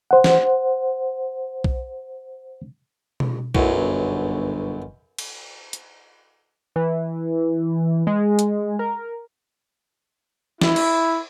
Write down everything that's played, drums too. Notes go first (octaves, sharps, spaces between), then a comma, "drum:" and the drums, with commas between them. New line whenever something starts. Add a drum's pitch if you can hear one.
C5 F#5
drum: snare
drum: kick B1
drum: tom B2
B1 F#2 A2, drum: kick B1
G1
drum: cymbal
drum: hi-hat
E3
G#3
drum: hi-hat
A#4
E4, drum: snare
drum: cymbal